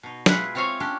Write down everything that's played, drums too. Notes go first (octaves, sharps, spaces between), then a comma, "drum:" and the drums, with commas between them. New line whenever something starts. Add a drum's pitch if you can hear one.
B2 D#4
G#3 E4 F4 G#4 B4 F#5, drum: snare
C4 F4 C#5 E5 F5
C#4 D4 G4